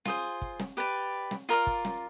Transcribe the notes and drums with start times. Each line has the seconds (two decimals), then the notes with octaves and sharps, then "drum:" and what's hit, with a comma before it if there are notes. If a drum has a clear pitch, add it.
0.05 F4 G#4 C5, drum: snare
0.42 drum: kick
0.59 drum: snare
0.77 G4 B4 D5
1.31 drum: snare
1.49 F4 A#4 D5 F5
1.67 drum: kick
1.85 drum: snare